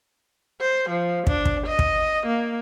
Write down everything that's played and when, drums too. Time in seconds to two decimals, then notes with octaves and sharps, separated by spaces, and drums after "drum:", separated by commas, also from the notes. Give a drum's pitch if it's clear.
0.60 C5
0.90 F3
1.27 D4, drum: kick
1.45 drum: kick
1.66 D#5
1.79 drum: kick
2.26 A#3